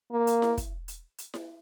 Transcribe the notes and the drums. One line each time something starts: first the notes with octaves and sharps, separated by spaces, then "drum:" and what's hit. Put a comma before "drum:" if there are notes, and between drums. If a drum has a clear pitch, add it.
A#3
drum: hi-hat
drum: snare E4
drum: kick, hi-hat
drum: hi-hat
drum: hi-hat
drum: snare E4